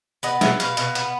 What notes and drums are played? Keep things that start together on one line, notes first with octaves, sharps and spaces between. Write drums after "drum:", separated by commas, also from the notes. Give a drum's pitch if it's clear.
B3 D#5
B2 E5, drum: snare
B2 F5, drum: hi-hat
B2, drum: hi-hat
B3, drum: hi-hat